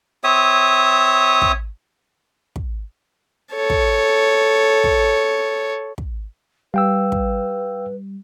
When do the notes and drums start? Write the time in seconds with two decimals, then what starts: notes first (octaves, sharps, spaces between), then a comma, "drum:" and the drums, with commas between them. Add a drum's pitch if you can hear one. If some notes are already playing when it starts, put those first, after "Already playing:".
0.24 C4 C#5 E5 D#6
1.42 drum: kick
2.56 drum: kick
3.54 A4 C#5
3.70 drum: kick
4.84 drum: kick
5.98 drum: kick
6.74 G3 B4 F5 G5 E6
7.12 drum: kick